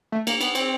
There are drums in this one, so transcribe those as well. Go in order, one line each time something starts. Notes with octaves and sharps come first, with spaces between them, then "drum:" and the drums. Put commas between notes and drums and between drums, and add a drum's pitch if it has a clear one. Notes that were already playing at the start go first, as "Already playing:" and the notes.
A3
A#3, drum: cymbal
B3, drum: cymbal
C4, drum: cymbal